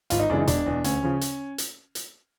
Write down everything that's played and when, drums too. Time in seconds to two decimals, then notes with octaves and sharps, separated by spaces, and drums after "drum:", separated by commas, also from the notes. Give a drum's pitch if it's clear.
0.10 G#1 F4, drum: hi-hat
0.19 D#4
0.30 F#2 C#3 E3 G#3 D4
0.39 D#4
0.47 E1 D4, drum: hi-hat
0.66 E2 B2
0.84 D2 C#4, drum: hi-hat
1.03 C#3 F3
1.21 drum: hi-hat
1.58 drum: hi-hat
1.95 drum: hi-hat